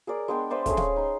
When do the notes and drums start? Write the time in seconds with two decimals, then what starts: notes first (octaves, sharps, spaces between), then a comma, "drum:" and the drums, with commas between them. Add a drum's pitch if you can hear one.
0.07 G#4 A#4 D5
0.28 G#3 B3 D4 G5
0.50 B4 C5 D5 E5
0.66 A3 C#4 G#4, drum: kick, hi-hat
0.77 F5 C#6, drum: snare
0.96 D#4 C6